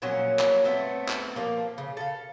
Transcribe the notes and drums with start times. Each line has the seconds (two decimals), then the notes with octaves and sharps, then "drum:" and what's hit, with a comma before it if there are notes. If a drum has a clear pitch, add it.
0.02 A#2 F3 F#3 C#4
0.39 drum: clap
0.64 A3 B3 C4
1.09 drum: clap
1.36 F3 A#3
1.78 C#3
1.97 A4 F5